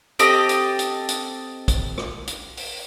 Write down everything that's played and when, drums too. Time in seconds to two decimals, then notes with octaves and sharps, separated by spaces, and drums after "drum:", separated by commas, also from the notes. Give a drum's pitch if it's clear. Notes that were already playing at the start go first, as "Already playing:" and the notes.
0.19 C4 G4 A4 D#5, drum: hi-hat
0.49 drum: hi-hat
0.79 drum: hi-hat
1.09 drum: hi-hat
1.68 drum: kick, hi-hat
1.98 drum: rim click
2.27 drum: hi-hat
2.57 drum: open hi-hat